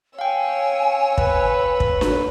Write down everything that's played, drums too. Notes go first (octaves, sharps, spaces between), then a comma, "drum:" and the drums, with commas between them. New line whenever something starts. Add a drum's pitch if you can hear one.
C#5 F5 G5 G#5 E6
B4, drum: kick
drum: kick
drum: snare D4